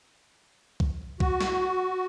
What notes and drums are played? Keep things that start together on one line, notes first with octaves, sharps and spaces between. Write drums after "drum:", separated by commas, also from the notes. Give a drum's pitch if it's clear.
drum: kick B1
F#4, drum: kick B1
drum: snare